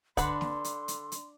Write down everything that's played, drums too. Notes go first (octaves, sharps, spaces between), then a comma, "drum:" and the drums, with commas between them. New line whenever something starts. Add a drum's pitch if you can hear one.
D3 B4 F#5 C6, drum: kick, hi-hat
drum: snare
drum: hi-hat
drum: hi-hat
drum: hi-hat